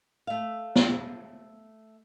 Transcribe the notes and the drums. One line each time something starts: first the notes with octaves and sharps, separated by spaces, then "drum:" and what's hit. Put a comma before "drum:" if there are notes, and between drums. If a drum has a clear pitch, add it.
A3 F5
drum: snare